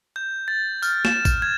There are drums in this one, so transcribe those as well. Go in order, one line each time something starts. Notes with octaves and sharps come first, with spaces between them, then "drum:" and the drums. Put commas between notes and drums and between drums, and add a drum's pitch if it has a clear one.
G6
A6
F6, drum: tambourine
E7, drum: snare
drum: kick A1, tambourine
G#6